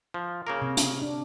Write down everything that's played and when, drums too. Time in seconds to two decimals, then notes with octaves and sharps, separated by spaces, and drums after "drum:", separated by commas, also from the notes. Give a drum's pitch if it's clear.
0.14 F3
0.47 C#3 A#3 A#4
0.62 C3
0.77 drum: hi-hat
1.02 D4